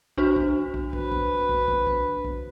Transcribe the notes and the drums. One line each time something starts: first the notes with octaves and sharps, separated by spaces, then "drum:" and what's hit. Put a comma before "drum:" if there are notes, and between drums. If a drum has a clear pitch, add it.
D4 F#4 C5, drum: kick
drum: kick
drum: kick
B4, drum: kick
drum: kick
drum: kick
drum: kick
drum: kick
drum: kick